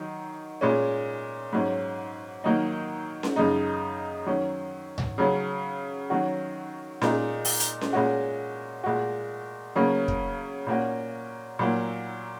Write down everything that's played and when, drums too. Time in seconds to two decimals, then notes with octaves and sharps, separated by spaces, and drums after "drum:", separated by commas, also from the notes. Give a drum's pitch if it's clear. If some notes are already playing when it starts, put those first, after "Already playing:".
Already playing: D#3 F#3 D#4
0.61 A#2 G#3 C#4
1.53 G#2 F#3 C#4
2.44 D#3 F#3 A#3 D#4
3.23 drum: snare C#4
3.36 F#2 C#3 G#3 D#4
4.26 D#3 F#3 C#4
4.98 drum: tom C2
5.18 C#3 F#3 C#4
6.10 D#3 F#3 C#4 F#4
7.02 A#2 G#3 D#4, drum: snare C#4
7.45 drum: open hi-hat
7.60 drum: hi-hat
7.81 drum: snare C#4
7.93 A#2 G#3 C#4 F#4
8.84 A#2 G#3 F#4
9.76 C#3 F#3 A#3 C#4
10.08 drum: kick
10.66 A#2 A#3 C#4 F#4
11.59 A#2 F#3 A#3